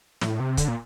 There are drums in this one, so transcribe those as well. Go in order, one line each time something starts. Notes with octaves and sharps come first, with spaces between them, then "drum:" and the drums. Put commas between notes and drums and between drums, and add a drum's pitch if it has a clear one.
A2, drum: snare
C3
D3, drum: kick, hi-hat
A#2